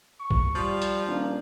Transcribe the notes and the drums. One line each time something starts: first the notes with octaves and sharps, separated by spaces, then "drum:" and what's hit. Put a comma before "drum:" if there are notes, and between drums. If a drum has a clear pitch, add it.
C#6
drum: kick
F3 G3
drum: hi-hat
D#1 A#3 D4